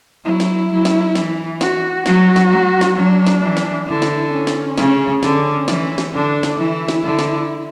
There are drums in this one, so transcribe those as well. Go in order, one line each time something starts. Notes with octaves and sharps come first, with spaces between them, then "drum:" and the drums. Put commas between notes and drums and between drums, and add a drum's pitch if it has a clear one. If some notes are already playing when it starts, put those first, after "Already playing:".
F#3 E4
drum: snare
F#3
drum: snare
E3, drum: snare
F#4, drum: snare
F#3 F#4, drum: snare
drum: snare
F#3
drum: snare
F#3 D4
drum: snare
E3
drum: snare
D3 E4
drum: snare
C#4
drum: snare
C#3, drum: snare
D3 C#4, drum: snare
E3, drum: snare
drum: snare
D3 D4
drum: snare
E3 E4
drum: snare
D3
drum: snare